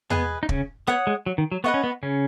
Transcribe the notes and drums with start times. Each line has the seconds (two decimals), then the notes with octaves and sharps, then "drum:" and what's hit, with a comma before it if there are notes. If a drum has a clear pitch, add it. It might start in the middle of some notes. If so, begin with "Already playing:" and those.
0.10 B3 G#4 B4 D#5 G#5, drum: tom E2
0.43 D#4
0.49 C#3 C#4, drum: kick
0.87 B3 C#5 F#5 D#6
1.07 G#3
1.26 F#3
1.38 D#3
1.52 F#3
1.64 B3 B4 D#5 F#5 C#6
1.74 C#4
1.84 B3
2.03 C#3 C#4